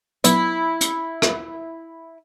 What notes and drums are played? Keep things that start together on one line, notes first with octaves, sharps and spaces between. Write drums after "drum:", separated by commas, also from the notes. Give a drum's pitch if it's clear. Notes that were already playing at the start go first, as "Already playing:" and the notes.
F#3 B3 E4 B4, drum: hi-hat
drum: hi-hat
drum: rim click